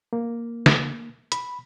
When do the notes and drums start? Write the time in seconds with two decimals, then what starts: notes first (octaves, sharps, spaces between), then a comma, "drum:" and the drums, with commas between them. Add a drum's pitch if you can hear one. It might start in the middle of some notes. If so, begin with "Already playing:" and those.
0.13 A#3
0.66 drum: snare
1.32 B5, drum: hi-hat